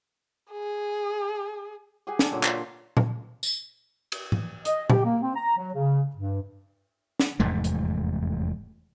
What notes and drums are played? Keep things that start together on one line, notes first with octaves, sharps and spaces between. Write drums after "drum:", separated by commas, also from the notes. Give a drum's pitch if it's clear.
G#4
G4 G#4 F#5 G#5
D3 A4, drum: snare
A#2 F#3
F4, drum: clap
drum: tom A#2
drum: tambourine
drum: cymbal
drum: tom G#2
D#5, drum: hi-hat
G4, drum: tom A#2
A#3
C4
A#5
F#3
C#3
G2
drum: snare
F1 E2 G#2 A3
drum: hi-hat